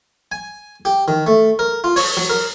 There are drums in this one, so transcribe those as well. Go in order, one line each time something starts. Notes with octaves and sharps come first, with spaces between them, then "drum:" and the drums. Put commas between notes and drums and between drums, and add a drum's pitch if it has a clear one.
G#5
G4
D#3
A3
A#4
F4
C#5, drum: open hi-hat
F#3
A#4